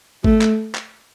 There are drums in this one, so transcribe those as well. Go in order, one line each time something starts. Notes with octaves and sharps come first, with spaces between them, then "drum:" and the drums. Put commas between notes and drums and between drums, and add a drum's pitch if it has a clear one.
A3, drum: kick G#1
drum: clap
drum: clap